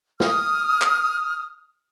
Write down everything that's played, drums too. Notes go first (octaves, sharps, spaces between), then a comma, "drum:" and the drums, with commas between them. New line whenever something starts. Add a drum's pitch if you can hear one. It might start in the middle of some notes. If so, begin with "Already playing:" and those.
D#6 F6, drum: snare
drum: clap